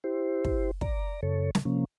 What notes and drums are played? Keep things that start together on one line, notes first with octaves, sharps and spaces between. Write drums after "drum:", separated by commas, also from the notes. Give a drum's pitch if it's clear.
E4 G4 C5
drum: kick
D5 A#5, drum: kick
F#2 C#3 A4 C#5
drum: snare
C3 F3 A#3 C#4